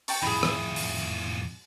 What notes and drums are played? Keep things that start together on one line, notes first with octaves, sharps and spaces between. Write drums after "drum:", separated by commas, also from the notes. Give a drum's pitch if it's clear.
G5 A5 C#6, drum: open hi-hat
F2 A2 E4 G#4
drum: rim click
drum: open hi-hat